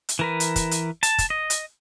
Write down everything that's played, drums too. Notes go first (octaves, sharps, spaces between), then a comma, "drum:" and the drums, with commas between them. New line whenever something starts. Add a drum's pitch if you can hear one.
drum: hi-hat
E3 A#4 B4
drum: hi-hat
drum: kick, hi-hat
drum: hi-hat
A5, drum: hi-hat
drum: kick, hi-hat
D#5
drum: hi-hat